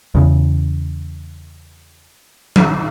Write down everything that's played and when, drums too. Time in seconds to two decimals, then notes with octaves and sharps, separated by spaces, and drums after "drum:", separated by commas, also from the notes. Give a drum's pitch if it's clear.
0.15 E2 C#3
2.56 drum: tom F3